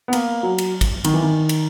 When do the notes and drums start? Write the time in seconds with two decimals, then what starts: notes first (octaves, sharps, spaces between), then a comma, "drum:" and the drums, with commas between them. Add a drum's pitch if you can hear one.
0.08 B3
0.13 A#3, drum: cymbal
0.43 F#3
0.58 drum: cymbal
0.81 drum: kick, cymbal
1.04 D#3, drum: cymbal
1.14 E3
1.22 D#3
1.49 drum: cymbal